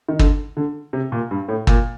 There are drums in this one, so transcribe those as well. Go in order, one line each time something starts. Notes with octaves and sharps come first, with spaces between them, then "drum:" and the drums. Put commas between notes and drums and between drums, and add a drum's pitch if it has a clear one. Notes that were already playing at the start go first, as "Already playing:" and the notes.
D#3
D3, drum: kick
D3
C3
A#2
G2
A2
A#2, drum: kick